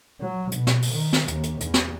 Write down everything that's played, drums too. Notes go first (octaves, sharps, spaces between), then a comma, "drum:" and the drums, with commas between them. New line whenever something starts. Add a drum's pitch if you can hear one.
F#3
B2, drum: hi-hat
drum: snare
drum: open hi-hat
D#3
drum: snare
D#2, drum: hi-hat
drum: hi-hat
E2, drum: hi-hat
drum: snare